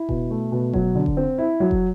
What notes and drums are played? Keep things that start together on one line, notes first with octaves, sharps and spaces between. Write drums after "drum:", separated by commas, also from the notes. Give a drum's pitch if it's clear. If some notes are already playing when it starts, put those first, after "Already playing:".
Already playing: E4
B2, drum: kick F1
A3
B2
F#3, drum: kick F1
D3
drum: kick F1
C4
E4
F#3
drum: kick F1